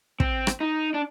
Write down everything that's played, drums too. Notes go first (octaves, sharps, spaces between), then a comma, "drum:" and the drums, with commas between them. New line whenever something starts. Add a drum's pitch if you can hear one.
C4, drum: kick
drum: rim click
D#4
D4